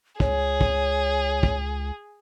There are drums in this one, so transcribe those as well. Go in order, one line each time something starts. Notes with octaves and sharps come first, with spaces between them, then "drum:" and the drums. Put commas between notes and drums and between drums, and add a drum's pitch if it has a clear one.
C#2 G#4 C#5, drum: kick
drum: kick
drum: kick